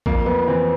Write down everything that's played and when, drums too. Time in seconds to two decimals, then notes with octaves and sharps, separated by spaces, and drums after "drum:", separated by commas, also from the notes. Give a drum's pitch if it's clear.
0.06 F2 A#3, drum: kick
0.26 F2 B3
0.48 E3 C4